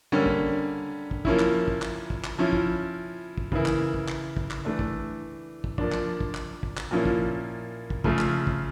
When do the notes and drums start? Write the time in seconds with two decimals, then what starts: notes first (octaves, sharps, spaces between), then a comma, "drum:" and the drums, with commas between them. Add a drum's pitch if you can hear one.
0.12 D3 G3 A#3 C#4
0.26 drum: kick
1.11 drum: kick
1.25 F3 A#3 C#4 E4, drum: kick
1.39 drum: clap
1.68 drum: kick
1.82 drum: clap
2.10 drum: kick
2.24 drum: clap
2.38 F3 C#4 E4
2.53 drum: kick
3.38 drum: kick
3.52 C#3 E3 A#3 E4, drum: kick
3.66 drum: clap
3.94 drum: kick
4.08 drum: clap
4.37 drum: kick
4.51 drum: clap
4.65 E3 A3 D4
4.79 drum: kick
5.64 drum: kick
5.78 F3 A#3 D4, drum: kick
5.92 drum: clap
6.21 drum: kick
6.35 drum: clap
6.63 drum: kick
6.77 drum: clap
6.91 A#2 F3 A#3 C#4 E4
7.05 drum: kick
7.90 drum: kick
8.04 C#3 F3 A3, drum: kick
8.19 drum: clap
8.47 drum: kick